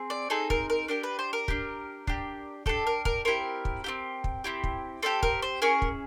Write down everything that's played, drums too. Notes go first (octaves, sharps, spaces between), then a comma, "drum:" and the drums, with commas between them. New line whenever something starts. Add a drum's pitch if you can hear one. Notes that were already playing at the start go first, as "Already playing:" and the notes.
Already playing: C4 G#4
D5
C4 D#4 G#4 A4
A#4, drum: kick
A#4
D4 G4 A#4
B4
C5
A#4
D4 G4, drum: kick
D4 G4, drum: kick
D4 G4 A4, drum: kick
A#4
A#4, drum: kick
C4 E4 G4 A#4
drum: kick
C4 E4 G4
drum: kick
C4 E4 G4
drum: kick
C4 E4 G4 A4
A#4, drum: kick
C5
C#4 E4 G#4 A#4
drum: kick